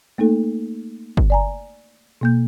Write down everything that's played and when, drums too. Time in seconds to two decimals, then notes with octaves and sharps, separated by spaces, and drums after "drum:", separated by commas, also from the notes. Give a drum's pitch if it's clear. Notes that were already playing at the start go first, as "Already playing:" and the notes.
0.18 A3 A#3 D#4 A4
1.17 drum: kick
1.30 D5 G#5 A#5
2.21 B2 A#3 G6